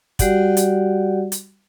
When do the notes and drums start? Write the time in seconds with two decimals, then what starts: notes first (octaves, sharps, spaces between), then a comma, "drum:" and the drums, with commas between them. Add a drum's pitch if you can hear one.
0.19 G3 F#4 G4 D5 F#5, drum: kick, hi-hat
0.57 drum: hi-hat
1.32 drum: hi-hat